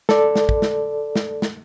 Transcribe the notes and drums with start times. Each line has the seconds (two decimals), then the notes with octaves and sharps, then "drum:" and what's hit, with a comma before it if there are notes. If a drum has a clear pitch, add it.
0.09 A4 D5, drum: snare
0.36 drum: snare
0.49 drum: kick
0.62 drum: snare
1.16 drum: snare
1.42 drum: snare